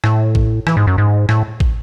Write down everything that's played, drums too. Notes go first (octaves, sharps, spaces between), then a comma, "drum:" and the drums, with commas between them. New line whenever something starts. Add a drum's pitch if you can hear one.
A2, drum: rim click
drum: kick
E3, drum: rim click
G#2
F#2
G#2
A2, drum: rim click
drum: kick